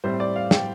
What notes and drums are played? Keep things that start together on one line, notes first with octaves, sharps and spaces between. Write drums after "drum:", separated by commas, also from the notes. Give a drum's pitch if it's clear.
A2 G3 C4 C5
D5
F5
G5, drum: snare